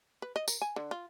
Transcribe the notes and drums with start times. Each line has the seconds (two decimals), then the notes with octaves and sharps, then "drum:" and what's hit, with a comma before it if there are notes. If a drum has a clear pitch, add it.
0.22 B4
0.36 D#5
0.48 A#4, drum: tambourine
0.61 G#5
0.76 D3
0.91 F4